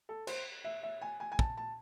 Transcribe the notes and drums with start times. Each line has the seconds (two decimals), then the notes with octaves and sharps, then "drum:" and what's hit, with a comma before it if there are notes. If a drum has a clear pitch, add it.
0.09 A4
0.27 C5, drum: cymbal
0.64 E5
0.83 E5
1.01 G#5
1.20 G#5
1.32 G#5
1.39 A5, drum: kick
1.57 A5